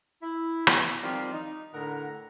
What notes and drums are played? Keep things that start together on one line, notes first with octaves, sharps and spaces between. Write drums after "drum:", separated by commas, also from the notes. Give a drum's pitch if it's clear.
E4
E3 B3 G4, drum: rim click
D#3 F3 G3 C4 F4
D#4
A2 D3 A#4 F#5 A#5